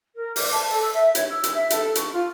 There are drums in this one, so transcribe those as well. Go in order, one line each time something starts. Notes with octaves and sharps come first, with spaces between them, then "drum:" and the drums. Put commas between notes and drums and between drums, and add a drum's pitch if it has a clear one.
A#4
D6, drum: open hi-hat
A5
A4
E6
E5
C#5, drum: hi-hat
E6
drum: hi-hat
E5
A4, drum: hi-hat
C#6, drum: hi-hat
F4